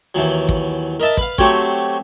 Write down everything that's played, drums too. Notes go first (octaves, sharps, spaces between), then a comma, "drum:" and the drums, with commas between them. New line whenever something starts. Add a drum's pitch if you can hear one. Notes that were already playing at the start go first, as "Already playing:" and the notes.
D#2 E3 F#3
drum: kick
A#4 D#5 E5 A5
B4 F5, drum: kick
F#3 A3 C4 F#4 G4 C#5, drum: kick